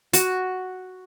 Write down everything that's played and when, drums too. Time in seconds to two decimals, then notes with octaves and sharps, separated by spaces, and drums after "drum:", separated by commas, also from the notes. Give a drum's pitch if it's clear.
0.13 F#4, drum: hi-hat